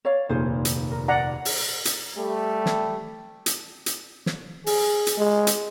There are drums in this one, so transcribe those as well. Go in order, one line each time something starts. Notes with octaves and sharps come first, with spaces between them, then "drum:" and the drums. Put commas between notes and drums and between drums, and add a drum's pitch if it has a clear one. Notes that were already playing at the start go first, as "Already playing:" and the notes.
C#5 D5 F5
F1 D#2 A#2 F4 G#4 C5
drum: hi-hat
A#4
D5 F#5 A#5
drum: open hi-hat
drum: hi-hat
G3 A3
drum: snare
drum: hi-hat
drum: hi-hat
drum: snare
G#4, drum: open hi-hat
drum: hi-hat
G#3
drum: hi-hat